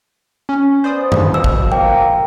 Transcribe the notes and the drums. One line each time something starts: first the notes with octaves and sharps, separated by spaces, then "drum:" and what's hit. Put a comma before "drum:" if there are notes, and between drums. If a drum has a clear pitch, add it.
C#4
B3 C5 D5 D#6
drum: tom F#2
B2 F3 E6
drum: kick
A#3 G5